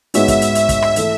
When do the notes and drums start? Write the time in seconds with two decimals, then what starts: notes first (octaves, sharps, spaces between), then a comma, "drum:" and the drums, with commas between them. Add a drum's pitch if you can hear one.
0.14 G#2 G#3 B3 F#4 C#5 E5, drum: hi-hat
0.28 drum: kick, hi-hat
0.42 drum: hi-hat
0.55 drum: hi-hat
0.69 drum: kick, hi-hat
0.82 drum: rim click
0.96 E3 A3 E4 E5, drum: hi-hat